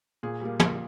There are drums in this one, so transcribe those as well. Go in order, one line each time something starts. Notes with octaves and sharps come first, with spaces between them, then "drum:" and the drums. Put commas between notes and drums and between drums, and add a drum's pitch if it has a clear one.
A#2 G#4
G3 A#3
A#2, drum: tom